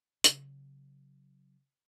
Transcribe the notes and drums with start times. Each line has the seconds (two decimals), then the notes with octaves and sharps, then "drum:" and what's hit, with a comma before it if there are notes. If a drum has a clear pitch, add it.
0.24 C#3 F#3, drum: hi-hat